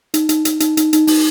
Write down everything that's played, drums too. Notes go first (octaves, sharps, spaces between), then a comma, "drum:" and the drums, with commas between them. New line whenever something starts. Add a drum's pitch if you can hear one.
D#4, drum: hi-hat
D#4, drum: hi-hat
D#4, drum: hi-hat
D#4, drum: hi-hat
D#4, drum: hi-hat
D#4, drum: hi-hat
D#4, drum: open hi-hat